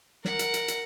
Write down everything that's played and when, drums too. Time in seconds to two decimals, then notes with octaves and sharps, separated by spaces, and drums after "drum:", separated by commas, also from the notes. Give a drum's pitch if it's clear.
0.25 A#4 F#5, drum: snare
0.39 drum: hi-hat
0.54 drum: hi-hat
0.68 drum: hi-hat